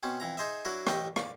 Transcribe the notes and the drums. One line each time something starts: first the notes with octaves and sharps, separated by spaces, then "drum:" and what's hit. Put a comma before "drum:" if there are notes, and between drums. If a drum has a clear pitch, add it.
B2 C4 C#4
F2 E3 A#5
D#4 G#4 C5 D#5 E5
F#3 D4 E4 F#4 A#4
A1 A3 G4 D#5 E5 G5, drum: rim click
D5 F5, drum: rim click